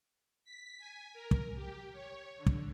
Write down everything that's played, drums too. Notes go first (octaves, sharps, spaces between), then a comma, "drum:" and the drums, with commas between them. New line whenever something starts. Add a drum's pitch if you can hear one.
B6
G#5
A#4
drum: kick
G4
C#5
D3
drum: kick